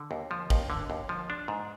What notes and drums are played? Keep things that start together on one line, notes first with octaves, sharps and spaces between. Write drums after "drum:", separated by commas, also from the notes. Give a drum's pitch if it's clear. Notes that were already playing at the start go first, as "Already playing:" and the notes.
Already playing: D3
D#2
F3
D#2, drum: kick G#1
D3
D#2
F3
D4
G#2